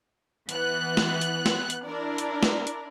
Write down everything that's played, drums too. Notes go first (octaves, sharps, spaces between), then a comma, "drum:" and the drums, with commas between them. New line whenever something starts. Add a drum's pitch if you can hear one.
E3 B3 F#6, drum: hi-hat
drum: snare
drum: hi-hat
drum: snare
drum: hi-hat
D4 E4 A#4 D5
drum: hi-hat
drum: snare
drum: hi-hat